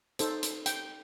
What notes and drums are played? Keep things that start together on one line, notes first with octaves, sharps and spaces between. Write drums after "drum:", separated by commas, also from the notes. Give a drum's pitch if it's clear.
D#4 A4 C5, drum: hi-hat
drum: hi-hat
G5, drum: hi-hat